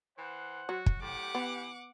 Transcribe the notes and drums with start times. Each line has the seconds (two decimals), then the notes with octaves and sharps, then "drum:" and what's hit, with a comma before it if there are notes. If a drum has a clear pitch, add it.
0.18 E3 C5 F#5
0.69 F#3 F#4
0.86 drum: kick
1.01 A2 G4 F#5 D6
1.35 E3 B3